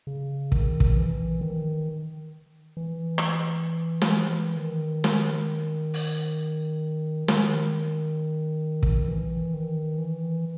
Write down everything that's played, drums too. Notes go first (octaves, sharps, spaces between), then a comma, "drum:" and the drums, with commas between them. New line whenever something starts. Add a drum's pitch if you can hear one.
C#3
D#3, drum: kick
drum: kick
E3
D#3
E3
drum: rim click
drum: snare
D#3
drum: snare
drum: open hi-hat
D#3, drum: snare
drum: kick
E3
D#3
E3